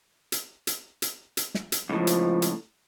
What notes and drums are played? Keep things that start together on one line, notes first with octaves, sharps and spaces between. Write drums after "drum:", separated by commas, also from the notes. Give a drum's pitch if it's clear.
drum: hi-hat
drum: hi-hat
drum: hi-hat
drum: hi-hat
drum: snare
drum: hi-hat
C#2 A2 F3
drum: hi-hat
drum: hi-hat